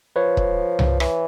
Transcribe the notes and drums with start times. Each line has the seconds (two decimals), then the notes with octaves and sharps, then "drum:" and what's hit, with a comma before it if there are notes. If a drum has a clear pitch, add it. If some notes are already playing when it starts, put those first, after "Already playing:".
0.16 F3 B4 C#5
0.37 drum: kick
0.79 drum: tom C2
1.00 E3, drum: rim click